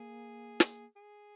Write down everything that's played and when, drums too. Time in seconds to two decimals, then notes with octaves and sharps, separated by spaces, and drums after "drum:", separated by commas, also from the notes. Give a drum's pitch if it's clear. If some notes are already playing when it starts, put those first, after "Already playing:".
Already playing: A#3 G#4
0.60 drum: snare
0.96 G#4